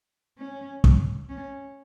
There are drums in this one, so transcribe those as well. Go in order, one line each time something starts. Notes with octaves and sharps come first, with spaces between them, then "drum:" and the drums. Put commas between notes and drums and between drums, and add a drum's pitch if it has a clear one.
C#4
drum: kick
C#4